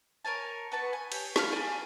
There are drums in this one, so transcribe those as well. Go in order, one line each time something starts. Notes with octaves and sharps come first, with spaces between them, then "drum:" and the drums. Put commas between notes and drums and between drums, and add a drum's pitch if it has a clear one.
A#4 C#5 G#5 A5
B3 B4 A5 C#6
G#5
G4 C#5, drum: cymbal
F5 A5 B5 F6, drum: snare
D5 G#5 A5